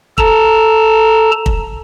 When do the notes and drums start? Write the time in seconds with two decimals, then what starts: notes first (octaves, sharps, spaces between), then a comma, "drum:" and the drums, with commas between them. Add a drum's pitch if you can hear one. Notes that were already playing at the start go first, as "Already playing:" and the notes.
0.18 A4 A5 A#5, drum: kick
1.46 drum: kick